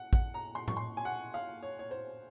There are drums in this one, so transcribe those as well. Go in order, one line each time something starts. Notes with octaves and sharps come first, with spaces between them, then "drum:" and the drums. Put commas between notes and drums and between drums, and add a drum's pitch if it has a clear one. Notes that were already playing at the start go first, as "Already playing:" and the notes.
Already playing: F#5
F#5, drum: kick A1
A#5
C6
C#6, drum: tom A2
C6
G#5
F#5
F5
C#5
C#5
C5